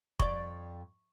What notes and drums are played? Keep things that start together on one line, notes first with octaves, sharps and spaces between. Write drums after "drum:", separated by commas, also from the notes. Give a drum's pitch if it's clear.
F2 D5 C#6, drum: kick